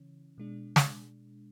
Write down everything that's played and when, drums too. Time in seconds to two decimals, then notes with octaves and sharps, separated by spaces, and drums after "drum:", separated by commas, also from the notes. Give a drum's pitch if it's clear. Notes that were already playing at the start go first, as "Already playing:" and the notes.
Already playing: C#3 E3 C#4
0.38 B2 G#3 D4
0.76 drum: snare